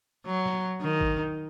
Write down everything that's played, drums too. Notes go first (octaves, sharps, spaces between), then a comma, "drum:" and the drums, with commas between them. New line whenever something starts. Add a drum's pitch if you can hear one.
F#3
drum: snare
D#3
drum: kick G#1